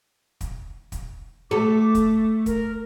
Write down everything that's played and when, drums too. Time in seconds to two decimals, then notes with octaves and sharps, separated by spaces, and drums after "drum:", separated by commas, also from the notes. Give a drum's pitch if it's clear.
0.41 drum: kick, hi-hat
0.92 drum: kick, hi-hat
1.51 A3 A4 D6
1.95 drum: kick, hi-hat
2.46 A#4, drum: kick, hi-hat